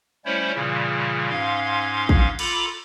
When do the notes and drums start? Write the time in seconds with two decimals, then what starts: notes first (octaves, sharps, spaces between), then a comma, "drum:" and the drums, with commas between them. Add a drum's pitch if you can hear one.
0.25 G3 A3 C#4 E4 C5 C#5
0.55 A#2 C#3 E3 G3
1.30 G#2 C#4 F5 C6 G#6
2.09 drum: kick
2.39 F4 A4 A#5 B5 D6, drum: cymbal